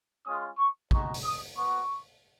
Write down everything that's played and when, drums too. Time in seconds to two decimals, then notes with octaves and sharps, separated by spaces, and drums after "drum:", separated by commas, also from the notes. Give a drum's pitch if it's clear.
0.25 G#3 C#4 F4 D#6
0.58 C#6
0.91 G#3 D#4 F#4 C#6, drum: kick
1.14 drum: open hi-hat
1.25 D#6
1.57 B3 F#4 C#6